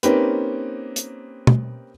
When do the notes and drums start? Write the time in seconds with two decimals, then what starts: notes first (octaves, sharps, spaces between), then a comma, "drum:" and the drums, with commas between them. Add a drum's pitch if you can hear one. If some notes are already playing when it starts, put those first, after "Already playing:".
0.03 A#3 C4 C#4 D#4 G4 B4, drum: hi-hat
0.96 drum: hi-hat
1.47 drum: tom